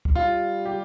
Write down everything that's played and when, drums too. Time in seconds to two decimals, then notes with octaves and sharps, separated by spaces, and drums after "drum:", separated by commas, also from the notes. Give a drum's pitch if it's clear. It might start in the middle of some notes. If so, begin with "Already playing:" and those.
0.05 drum: kick
0.15 G3 F4
0.65 G4